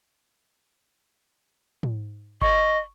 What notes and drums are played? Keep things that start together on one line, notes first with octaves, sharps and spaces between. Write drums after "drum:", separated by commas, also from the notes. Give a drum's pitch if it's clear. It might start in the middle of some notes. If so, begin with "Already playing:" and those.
drum: tom
D#5 C#6, drum: kick G1